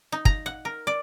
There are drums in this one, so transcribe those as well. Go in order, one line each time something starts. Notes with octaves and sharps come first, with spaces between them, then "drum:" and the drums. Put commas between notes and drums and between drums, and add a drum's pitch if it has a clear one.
D#4
A#5, drum: kick
F#5
A#4
D5